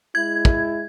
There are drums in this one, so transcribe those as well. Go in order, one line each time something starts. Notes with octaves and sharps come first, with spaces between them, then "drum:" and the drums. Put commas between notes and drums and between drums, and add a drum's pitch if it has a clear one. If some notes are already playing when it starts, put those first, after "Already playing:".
G#3 E4 G#6
drum: kick